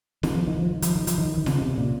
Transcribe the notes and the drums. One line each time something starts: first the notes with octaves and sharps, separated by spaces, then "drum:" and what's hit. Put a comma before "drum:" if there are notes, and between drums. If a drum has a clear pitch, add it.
D#3, drum: snare
F3
D#3
F3
D#3
F3, drum: hi-hat
D#3
F3, drum: hi-hat
D#3
D#3
C#3, drum: snare
C3
A#2